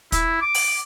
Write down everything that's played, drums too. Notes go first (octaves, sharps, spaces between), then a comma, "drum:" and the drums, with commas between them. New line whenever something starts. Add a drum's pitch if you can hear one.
E4, drum: kick, hi-hat
D6
drum: open hi-hat